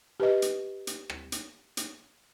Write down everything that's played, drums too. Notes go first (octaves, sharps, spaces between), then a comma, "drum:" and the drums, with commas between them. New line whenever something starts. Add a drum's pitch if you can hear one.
G4 B4 D#5
drum: hi-hat
drum: hi-hat
drum: rim click
drum: hi-hat
drum: hi-hat